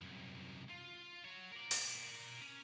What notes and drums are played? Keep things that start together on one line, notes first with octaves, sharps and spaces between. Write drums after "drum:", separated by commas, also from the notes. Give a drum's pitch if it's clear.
C2 F#2
F4
F#4 C#5
A#4 D5
drum: open hi-hat
C#4